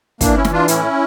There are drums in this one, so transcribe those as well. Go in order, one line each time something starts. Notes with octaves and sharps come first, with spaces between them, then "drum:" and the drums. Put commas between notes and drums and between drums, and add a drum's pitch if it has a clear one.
E3 A#3 D4, drum: kick, hi-hat
C#4 E4
E3, drum: snare
D4 F4
A2 C#4 E4, drum: hi-hat